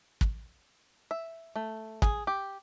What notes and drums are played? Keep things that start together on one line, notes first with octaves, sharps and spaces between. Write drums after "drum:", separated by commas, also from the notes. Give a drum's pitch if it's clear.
drum: kick
E5
A3
G#4, drum: kick
G4